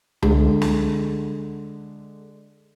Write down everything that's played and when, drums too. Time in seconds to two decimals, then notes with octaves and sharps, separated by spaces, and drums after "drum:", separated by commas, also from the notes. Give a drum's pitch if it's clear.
0.22 D3 G#3 A4, drum: tom C#2
0.62 drum: snare